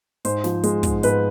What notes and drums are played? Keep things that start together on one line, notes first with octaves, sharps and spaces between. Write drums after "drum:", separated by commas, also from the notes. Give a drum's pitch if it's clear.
G#2 C5, drum: hi-hat
F3, drum: snare
G#3, drum: hi-hat
G#2, drum: kick, hi-hat
G#2 B4, drum: hi-hat